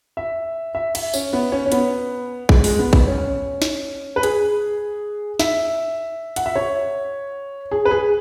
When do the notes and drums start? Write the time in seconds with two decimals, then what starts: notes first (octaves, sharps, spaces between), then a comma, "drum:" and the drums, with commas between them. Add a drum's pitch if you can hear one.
0.17 E5
0.75 E5
0.95 E5, drum: cymbal
1.14 C#4, drum: tambourine
1.33 B3
1.52 C#4
1.66 C#4
1.72 B3, drum: hi-hat
2.49 G#3, drum: kick A#1
2.64 G#3, drum: open hi-hat
2.79 B3
2.93 B3, drum: kick A#1
3.07 C#4
3.62 drum: snare
4.16 B4
4.23 G#4, drum: hi-hat
5.39 E5, drum: snare
6.36 F#5, drum: hi-hat
6.46 E5
6.56 C#5
7.71 G#4
7.85 B4
7.91 G#4